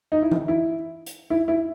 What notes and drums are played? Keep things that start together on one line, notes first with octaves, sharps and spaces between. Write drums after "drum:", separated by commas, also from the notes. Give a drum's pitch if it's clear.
D#4
E4
drum: tom E3
E4
drum: hi-hat
E4
E4